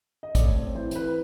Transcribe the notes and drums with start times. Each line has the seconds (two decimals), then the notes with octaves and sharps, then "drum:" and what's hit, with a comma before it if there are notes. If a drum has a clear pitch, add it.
0.23 D#5
0.35 A3 D5, drum: kick, hi-hat
0.45 C#5
0.55 C4 C5
0.75 E3 C5
0.91 C5, drum: hi-hat
0.95 E4 B4